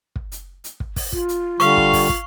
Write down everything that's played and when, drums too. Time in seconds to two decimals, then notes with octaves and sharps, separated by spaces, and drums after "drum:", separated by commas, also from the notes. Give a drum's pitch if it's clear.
0.16 drum: kick
0.32 drum: hi-hat
0.64 drum: hi-hat
0.80 drum: kick
0.96 drum: kick, open hi-hat
1.12 F4, drum: kick
1.29 drum: hi-hat
1.60 D3 G3 F5 C#6, drum: hi-hat
1.77 drum: kick
1.93 drum: kick, open hi-hat
2.09 drum: kick